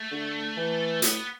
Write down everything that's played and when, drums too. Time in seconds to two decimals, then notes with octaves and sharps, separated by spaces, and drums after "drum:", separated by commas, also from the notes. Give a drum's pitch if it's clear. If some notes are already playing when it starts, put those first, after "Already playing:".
Already playing: A3
0.11 D3
0.57 E3
1.02 A2 B3, drum: hi-hat